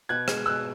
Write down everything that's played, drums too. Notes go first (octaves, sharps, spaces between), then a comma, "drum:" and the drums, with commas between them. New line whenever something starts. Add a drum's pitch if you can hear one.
B2 F#6 G#6
G#3, drum: rim click
B2 E6 F#6